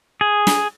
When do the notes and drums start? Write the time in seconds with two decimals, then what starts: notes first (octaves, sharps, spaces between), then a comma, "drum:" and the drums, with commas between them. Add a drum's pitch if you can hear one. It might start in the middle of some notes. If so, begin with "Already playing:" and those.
0.21 G#4
0.47 drum: snare